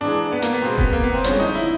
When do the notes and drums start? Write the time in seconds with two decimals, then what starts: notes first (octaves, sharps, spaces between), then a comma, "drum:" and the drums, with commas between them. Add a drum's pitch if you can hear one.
0.01 G#2 E3 G#3 D4
0.32 B3
0.42 A#3, drum: hi-hat
0.53 B3
0.62 B2 G#3 C4
0.78 B3, drum: kick F1
0.93 A#3
1.04 B3
1.14 C4
1.24 G2 D3 F3 G#3 C#4, drum: hi-hat
1.40 D#4
1.55 E4